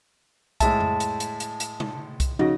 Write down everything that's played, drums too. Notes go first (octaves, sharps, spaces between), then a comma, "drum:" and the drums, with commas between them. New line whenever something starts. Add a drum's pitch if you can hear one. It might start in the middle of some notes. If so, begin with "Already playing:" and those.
A2 G#3 E5 A5, drum: kick C2, hi-hat
drum: tom F2
drum: hi-hat
drum: hi-hat
drum: hi-hat
drum: hi-hat
drum: tom C3
drum: kick C2, hi-hat
C#3 D#4 F#4 A#6, drum: tom